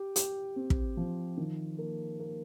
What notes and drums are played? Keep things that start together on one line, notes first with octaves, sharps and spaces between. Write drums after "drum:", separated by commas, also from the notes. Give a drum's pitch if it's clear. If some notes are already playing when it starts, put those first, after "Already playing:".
Already playing: G4
G4, drum: hi-hat
C4
drum: kick
F3
D#3
A#3
A#3